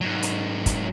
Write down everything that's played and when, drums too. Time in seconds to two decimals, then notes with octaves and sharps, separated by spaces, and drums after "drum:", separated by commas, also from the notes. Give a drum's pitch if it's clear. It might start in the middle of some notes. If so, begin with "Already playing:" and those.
0.01 G#2 F#3
0.23 drum: hi-hat
0.66 drum: kick, hi-hat